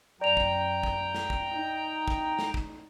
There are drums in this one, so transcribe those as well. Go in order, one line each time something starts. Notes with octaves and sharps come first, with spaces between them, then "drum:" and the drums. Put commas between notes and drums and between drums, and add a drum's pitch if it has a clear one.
F#2 D5 G5 A#5 F7
drum: kick
drum: kick
drum: snare
drum: kick
D#4
drum: kick
drum: snare
drum: kick